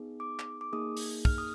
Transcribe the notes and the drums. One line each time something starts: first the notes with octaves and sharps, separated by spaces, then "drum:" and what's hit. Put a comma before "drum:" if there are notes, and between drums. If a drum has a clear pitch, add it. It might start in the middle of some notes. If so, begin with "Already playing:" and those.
Already playing: B3 D#4 G#4
D6
drum: clap
D6
A#3 D#4 G#4 D#6
drum: open hi-hat
F6, drum: kick
D#6